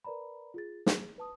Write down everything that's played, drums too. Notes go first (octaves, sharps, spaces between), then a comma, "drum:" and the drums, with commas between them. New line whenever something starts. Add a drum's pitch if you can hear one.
A#4 B4 D5 A#5 B5
F4 G#4 A6
G#4, drum: snare
B4 A5 D#6